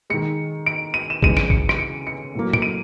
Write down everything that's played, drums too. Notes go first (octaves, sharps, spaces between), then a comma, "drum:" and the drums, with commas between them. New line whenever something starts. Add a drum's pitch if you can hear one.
D#3 G#3 C#7
D7
D#7
E7
C#3 E3 G#3 D#7, drum: kick A1
D7, drum: snare
C#7, drum: kick A1
D7, drum: rim click
C#7
C#7
A2 F#3 A#3
D7, drum: tom
D#7